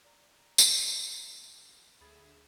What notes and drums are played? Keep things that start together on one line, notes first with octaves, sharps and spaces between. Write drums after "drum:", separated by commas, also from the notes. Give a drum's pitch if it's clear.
D5 A#5
drum: tambourine
D2 G#4 E5 B5 A6